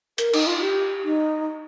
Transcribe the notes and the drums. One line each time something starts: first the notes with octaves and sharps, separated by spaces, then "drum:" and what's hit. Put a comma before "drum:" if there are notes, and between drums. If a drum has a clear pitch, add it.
A#4, drum: hi-hat
D#4, drum: cymbal
F4
G4
D#4